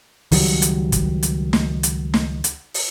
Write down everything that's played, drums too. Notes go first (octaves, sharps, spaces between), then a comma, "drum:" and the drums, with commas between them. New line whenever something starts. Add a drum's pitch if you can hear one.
C#2 D#3 F#3 G3, drum: open hi-hat
drum: hi-hat
drum: kick, hi-hat
drum: hi-hat
drum: snare
drum: hi-hat
drum: snare
drum: hi-hat
drum: open hi-hat